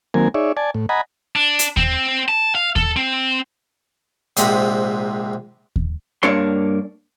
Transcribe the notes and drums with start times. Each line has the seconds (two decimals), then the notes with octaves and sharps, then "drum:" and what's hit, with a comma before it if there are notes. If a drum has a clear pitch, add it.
0.14 D#3 F#3 A#3 C4 A#4 G#5
0.34 D#4 G#4 C#5 D5 E5
0.57 D5 G#5 A5
0.74 A2
0.89 D#5 F#5 G#5 A#5 B5
1.36 D4
1.59 drum: hi-hat
1.77 C4, drum: kick D#2
2.28 A5
2.55 F5
2.76 A4, drum: kick D#2
2.97 C4
4.37 A#1 G#2 C3 A#5 B5, drum: hi-hat
5.76 drum: kick D#2
6.23 G2 A#3 D4 C#5 C6